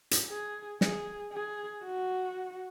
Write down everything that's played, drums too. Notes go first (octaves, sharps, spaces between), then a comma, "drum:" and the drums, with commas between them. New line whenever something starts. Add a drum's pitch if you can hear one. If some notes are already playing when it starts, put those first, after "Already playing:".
drum: hi-hat
G#4
G#4, drum: snare
G#4
F#4